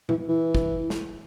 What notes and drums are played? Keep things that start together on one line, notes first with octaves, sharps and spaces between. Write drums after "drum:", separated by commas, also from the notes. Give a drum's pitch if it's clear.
E3, drum: tom A#2
E3
drum: kick
drum: snare